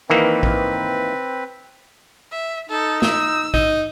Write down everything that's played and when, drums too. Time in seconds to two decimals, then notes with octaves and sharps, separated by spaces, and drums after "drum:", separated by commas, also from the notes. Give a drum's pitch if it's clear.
0.10 D#3 E3 A#3 C4 B4
0.43 drum: kick
2.32 E5
2.70 D#4 A4
3.02 E6, drum: snare
3.54 D#4, drum: kick